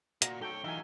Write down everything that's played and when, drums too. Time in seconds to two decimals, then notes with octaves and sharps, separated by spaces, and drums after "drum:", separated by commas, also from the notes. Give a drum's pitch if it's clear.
0.22 A#2 F#4 A#5, drum: hi-hat
0.41 G#2 A4 C#5 G5 G7
0.64 E3 F#3 D#4 F4 E5 G#5